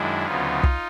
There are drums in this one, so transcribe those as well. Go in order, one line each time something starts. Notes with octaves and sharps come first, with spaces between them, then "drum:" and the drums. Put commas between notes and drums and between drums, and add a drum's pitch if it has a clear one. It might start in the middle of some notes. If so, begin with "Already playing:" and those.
Already playing: F#2 D#3 G#3 D4 E4
D2 C#3 F#3 B3 D#4 F4
drum: kick